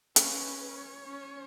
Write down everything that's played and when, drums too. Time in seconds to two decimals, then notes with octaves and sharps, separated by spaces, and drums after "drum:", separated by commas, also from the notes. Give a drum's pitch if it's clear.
0.16 C#4 B4, drum: hi-hat
0.76 C#5
1.06 C#4